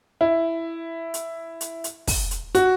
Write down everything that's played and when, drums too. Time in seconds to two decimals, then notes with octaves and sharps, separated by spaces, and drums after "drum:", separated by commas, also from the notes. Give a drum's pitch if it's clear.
0.21 E4
1.14 drum: hi-hat
1.61 drum: hi-hat
1.84 drum: hi-hat
2.07 drum: kick, open hi-hat
2.31 drum: hi-hat
2.55 F#4, drum: hi-hat